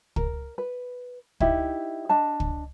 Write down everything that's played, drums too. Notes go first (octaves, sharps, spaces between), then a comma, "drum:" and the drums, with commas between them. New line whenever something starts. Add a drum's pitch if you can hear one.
A#4, drum: kick
B4
D#4 E4 G4, drum: kick
D4 D#5 A5
drum: kick